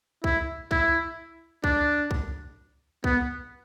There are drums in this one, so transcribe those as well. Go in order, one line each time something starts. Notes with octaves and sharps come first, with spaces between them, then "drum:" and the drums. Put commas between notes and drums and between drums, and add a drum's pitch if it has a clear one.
E4, drum: kick B1
E4, drum: kick B1
D4, drum: kick B1
drum: kick B1
B3, drum: kick B1